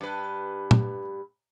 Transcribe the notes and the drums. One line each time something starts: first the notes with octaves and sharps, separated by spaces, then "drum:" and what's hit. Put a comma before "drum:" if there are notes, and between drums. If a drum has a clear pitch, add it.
G2 B4
drum: tom